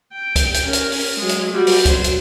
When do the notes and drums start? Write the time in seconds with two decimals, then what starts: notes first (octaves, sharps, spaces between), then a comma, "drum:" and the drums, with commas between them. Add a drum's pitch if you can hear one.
0.13 G5
0.36 drum: kick, hi-hat
0.54 drum: hi-hat
0.64 C#4 A#4
0.73 drum: hi-hat
0.92 drum: open hi-hat
1.17 F#3 G#3
1.29 drum: hi-hat
1.52 G3 F#4
1.67 drum: open hi-hat
1.85 F#3 C5, drum: kick, hi-hat
2.04 drum: hi-hat